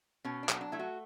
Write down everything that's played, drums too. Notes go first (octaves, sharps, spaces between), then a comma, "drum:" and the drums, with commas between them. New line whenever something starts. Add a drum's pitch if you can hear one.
B2 C#4
D4
F#3, drum: clap
D4
A3 E4
F#4